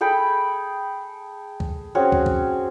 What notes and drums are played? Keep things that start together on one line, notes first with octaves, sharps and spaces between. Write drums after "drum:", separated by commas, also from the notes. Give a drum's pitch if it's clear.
G#4 A4 G5 B5
drum: kick
C4 C#4 F#4 G#4
drum: kick
drum: kick